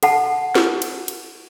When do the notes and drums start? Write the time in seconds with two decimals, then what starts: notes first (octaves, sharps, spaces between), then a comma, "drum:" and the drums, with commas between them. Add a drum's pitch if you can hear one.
0.03 A4 F#5 A5, drum: cymbal
0.55 drum: snare
0.82 drum: cymbal
1.08 drum: cymbal